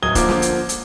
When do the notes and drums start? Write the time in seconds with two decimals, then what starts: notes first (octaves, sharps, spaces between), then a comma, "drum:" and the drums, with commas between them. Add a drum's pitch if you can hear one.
0.02 D1 F#3 D#6 G#6 G7
0.15 D3 F3 A#3 A#4 D6, drum: kick E1, hi-hat
0.29 drum: snare
0.42 drum: hi-hat
0.69 drum: hi-hat